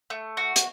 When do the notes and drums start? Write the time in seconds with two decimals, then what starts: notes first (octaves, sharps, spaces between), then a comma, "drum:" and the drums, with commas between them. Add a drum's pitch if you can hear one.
0.10 A3
0.37 F#4
0.56 drum: hi-hat